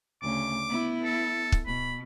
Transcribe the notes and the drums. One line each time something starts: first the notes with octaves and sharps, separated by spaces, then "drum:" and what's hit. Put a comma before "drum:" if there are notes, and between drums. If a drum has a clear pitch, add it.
D2 C#3 D6
B3 E4
A4
drum: kick
B2 B5